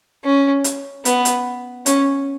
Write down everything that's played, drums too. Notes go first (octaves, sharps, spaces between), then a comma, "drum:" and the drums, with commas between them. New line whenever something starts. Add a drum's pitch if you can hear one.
C#4
drum: hi-hat
B3, drum: hi-hat
drum: hi-hat
C#4, drum: hi-hat